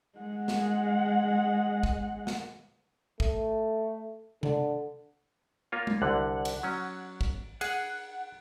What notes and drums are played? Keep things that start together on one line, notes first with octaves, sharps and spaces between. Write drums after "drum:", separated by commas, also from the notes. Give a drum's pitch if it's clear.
G#3 F#5
drum: snare
drum: kick
drum: snare
A3, drum: kick
D3, drum: tom C3
A#3 F4 C#5
drum: tom G#3
C2 D3 F#5
drum: cymbal
F#3 C#4
drum: kick
G#4 F#5, drum: cymbal